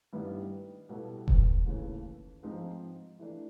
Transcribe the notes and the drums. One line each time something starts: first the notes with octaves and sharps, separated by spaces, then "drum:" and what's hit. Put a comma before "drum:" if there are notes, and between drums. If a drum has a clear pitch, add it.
G2 D#3 G3 B3 E4
B2 G3 B3 E4 A4
drum: kick E1
D#2 C#3 E3 A3
G#2 F3 G#3 C4 D#4
E3 A3 D4